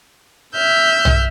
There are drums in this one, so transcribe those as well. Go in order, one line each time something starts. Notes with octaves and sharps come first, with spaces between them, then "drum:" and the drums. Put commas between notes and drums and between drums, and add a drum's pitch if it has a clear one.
E5 E6 F6 G6
drum: tom B1